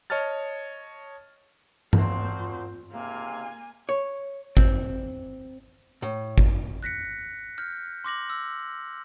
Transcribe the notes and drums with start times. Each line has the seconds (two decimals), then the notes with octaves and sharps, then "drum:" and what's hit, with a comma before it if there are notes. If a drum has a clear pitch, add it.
0.10 C#5 D#5 A5 F6 A6
1.93 A#2 F3 C4 F#4 C5, drum: tom G2
2.39 F4
2.92 C#2 G#2 C3 A#3 F5 G#5
3.89 C#5
4.57 C4, drum: kick G#1
6.02 A2
6.38 drum: kick G#1
6.83 F#6 A#6 B6 C#7
7.58 F6 G6
8.04 C6 D6 A#6 F#7
8.30 E6